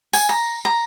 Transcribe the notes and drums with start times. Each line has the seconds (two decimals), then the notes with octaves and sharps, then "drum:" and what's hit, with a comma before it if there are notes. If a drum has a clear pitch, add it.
0.13 G#5, drum: tambourine
0.29 A#5
0.65 A#5